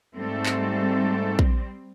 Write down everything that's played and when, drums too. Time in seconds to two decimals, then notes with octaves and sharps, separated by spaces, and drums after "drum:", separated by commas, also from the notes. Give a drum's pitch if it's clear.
0.15 G#2 G3 A3 C4 A4
0.46 drum: clap
1.39 drum: kick A#1